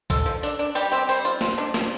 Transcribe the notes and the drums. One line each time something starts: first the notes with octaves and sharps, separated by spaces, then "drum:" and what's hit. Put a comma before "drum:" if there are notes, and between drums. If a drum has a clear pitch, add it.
F3 A4, drum: kick A#1, hi-hat
F3
D4, drum: hi-hat
D4
G3 G4, drum: hi-hat
C4 G4
G3 C5, drum: open hi-hat
F4
F3, drum: snare
D4
F3, drum: snare